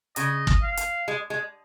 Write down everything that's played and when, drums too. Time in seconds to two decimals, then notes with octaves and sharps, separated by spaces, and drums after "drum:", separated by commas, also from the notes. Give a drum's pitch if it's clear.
0.16 C#3 D#5, drum: hi-hat
0.47 drum: kick
0.62 F5
0.77 drum: hi-hat
1.08 G#3
1.30 G#3